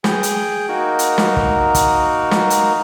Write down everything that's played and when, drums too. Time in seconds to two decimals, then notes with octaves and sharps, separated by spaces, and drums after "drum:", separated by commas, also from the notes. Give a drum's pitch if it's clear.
0.04 G#4 G5, drum: snare
0.23 drum: hi-hat
0.69 A#3 D#4 F#4 A#4
0.99 drum: hi-hat
1.18 drum: snare
1.37 drum: kick
1.75 drum: kick, hi-hat
2.31 drum: snare
2.50 drum: hi-hat